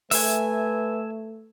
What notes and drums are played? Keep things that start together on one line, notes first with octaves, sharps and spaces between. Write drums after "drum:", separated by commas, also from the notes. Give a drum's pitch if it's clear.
A3 B4 E5 G#5, drum: open hi-hat